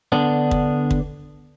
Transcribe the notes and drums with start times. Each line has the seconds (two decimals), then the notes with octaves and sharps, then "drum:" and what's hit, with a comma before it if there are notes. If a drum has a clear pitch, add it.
0.12 D3 B3 D4
0.51 drum: kick
0.91 drum: kick